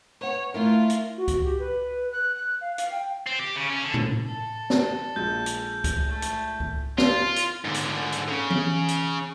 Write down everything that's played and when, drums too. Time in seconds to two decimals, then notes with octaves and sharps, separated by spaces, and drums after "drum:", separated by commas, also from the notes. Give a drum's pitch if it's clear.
0.21 B4 C#5 F#5
0.54 A3 E4 F4 A#4
0.90 drum: hi-hat
1.18 F#4
1.28 drum: kick C#2, hi-hat
1.43 G4
1.59 B4
2.12 F#6
2.35 F#6
2.61 F5
2.78 F5, drum: hi-hat
2.92 G5
3.27 C4
3.39 G4
3.56 C#3
3.70 C#4
3.83 D3
3.94 drum: tom A2
4.26 A4
4.70 drum: snare
5.16 A#1 G#3 G6
5.46 drum: hi-hat
5.84 drum: kick C#2, hi-hat
6.08 A3
6.22 drum: hi-hat
6.60 drum: kick C#2
6.98 F4, drum: snare
7.36 drum: hi-hat
7.65 G#2 D3
7.74 drum: hi-hat
8.12 drum: hi-hat
8.28 C#3
8.50 drum: tom E3
8.88 drum: hi-hat